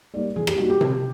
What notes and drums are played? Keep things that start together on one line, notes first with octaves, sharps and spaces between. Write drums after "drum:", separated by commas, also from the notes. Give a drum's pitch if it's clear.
G3 A#3 D#4 D5
E3 G#4
G4, drum: rim click
G3 A#3 D#4 F#4
G4
C3, drum: tom C3